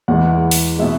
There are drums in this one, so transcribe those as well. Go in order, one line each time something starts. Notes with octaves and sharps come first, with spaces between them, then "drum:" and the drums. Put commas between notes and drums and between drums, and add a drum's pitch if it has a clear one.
E2 E3 G#3 F#5
drum: open hi-hat
B2 G#3 E5